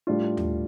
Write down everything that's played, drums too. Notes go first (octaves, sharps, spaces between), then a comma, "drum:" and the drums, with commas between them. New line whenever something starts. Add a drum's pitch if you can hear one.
A2 G3 D4 F4
drum: tom D#2